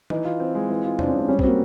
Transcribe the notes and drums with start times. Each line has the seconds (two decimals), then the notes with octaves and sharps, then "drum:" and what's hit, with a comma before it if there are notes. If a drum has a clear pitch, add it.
0.10 E3 D#4, drum: tom D#3
0.25 F4
0.40 C4
0.55 G#3
0.70 E3
0.84 F4
0.99 C4 D4, drum: tom E2
1.08 C#4
1.14 G#3
1.19 D4
1.28 G3 C#4
1.39 C4, drum: kick
1.44 A#3 F#4